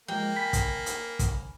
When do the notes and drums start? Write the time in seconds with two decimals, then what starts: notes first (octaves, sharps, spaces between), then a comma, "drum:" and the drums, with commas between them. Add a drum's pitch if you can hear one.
0.08 F3 G#3 A#3 G5
0.37 G#5 B5 B6
0.53 drum: kick, hi-hat
0.86 drum: hi-hat
1.19 drum: kick, hi-hat